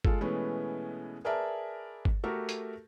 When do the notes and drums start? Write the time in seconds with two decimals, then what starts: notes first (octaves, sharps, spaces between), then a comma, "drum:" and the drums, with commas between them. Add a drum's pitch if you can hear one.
0.05 G#3 F4 A4, drum: kick G1
0.21 B2 E3 G#3 A3 B3 C#4
1.25 G#4 A#4 B4 D5 E5 A5
2.05 drum: kick G1
2.24 A3 F#4 G4 A4 A#4
2.49 drum: hi-hat